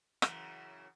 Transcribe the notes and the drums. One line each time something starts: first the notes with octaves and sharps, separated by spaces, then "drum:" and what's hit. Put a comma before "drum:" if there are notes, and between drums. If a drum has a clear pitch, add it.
F#2 C#3 E3, drum: rim click